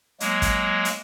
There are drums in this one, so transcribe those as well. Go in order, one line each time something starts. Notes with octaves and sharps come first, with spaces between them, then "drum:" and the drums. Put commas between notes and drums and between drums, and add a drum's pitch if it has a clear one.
F#3 G#3 A#3, drum: hi-hat
drum: kick, hi-hat
drum: hi-hat